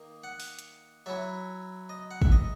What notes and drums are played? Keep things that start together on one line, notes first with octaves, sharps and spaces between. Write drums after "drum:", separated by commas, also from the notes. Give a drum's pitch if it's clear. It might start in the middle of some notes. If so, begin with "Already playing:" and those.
Already playing: D#3 A#3
F#5
drum: open hi-hat
drum: hi-hat
F#3 C#4 E4 E5
D#5
F#5
E5, drum: kick
D#5